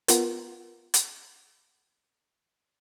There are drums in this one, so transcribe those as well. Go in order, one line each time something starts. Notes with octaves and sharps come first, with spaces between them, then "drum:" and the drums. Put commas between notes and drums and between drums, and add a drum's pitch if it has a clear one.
B3 F4 A#4, drum: hi-hat
drum: hi-hat